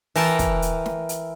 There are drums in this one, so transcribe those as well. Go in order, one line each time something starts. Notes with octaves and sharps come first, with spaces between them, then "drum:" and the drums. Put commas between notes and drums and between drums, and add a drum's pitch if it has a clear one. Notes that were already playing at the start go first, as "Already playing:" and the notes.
E3 A#4 G5 A5, drum: open hi-hat
drum: kick, hi-hat
drum: hi-hat
drum: snare
drum: hi-hat